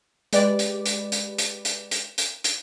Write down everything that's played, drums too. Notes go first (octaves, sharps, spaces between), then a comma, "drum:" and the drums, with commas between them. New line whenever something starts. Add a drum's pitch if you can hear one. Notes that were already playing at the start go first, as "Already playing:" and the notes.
G#3 G4 B4 D5, drum: hi-hat
drum: hi-hat
drum: hi-hat
drum: hi-hat
drum: hi-hat
drum: hi-hat
drum: hi-hat
drum: hi-hat
drum: hi-hat